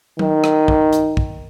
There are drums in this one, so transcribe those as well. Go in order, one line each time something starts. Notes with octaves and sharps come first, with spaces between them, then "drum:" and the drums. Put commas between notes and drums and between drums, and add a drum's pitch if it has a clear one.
D#3, drum: tom F#3
drum: rim click
drum: kick
drum: hi-hat
drum: kick